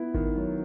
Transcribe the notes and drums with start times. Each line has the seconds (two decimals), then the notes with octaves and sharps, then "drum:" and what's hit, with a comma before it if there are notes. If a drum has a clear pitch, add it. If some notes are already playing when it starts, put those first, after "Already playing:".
Already playing: B3 E4
0.14 D#3, drum: kick G#1
0.36 F#3